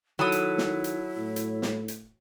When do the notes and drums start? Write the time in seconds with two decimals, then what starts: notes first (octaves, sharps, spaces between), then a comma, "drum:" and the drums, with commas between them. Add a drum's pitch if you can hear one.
0.19 D#3 F#3 E4 A4 B5 D#6
0.32 drum: hi-hat
0.58 drum: snare
0.84 drum: hi-hat
1.18 A2
1.36 drum: hi-hat
1.62 drum: snare
1.88 drum: hi-hat